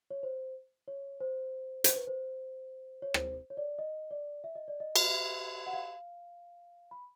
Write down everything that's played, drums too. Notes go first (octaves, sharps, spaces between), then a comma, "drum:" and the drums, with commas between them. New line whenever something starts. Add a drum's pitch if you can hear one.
C#5
C5
C#5
C5
C5, drum: hi-hat
B4
C5
C#5
C5, drum: rim click
C#5
D5
D#5
D5
E5
D#5
D5
D#5
drum: cymbal
E5
F#5
F5
B5